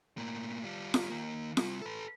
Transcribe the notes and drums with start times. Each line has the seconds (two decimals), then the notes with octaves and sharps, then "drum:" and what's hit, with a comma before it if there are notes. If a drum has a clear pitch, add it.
0.17 A2 A#3
0.64 G3 F4
0.94 drum: snare F4
1.10 D#3 A#3
1.57 G3 C4, drum: snare F4
1.82 A4 B4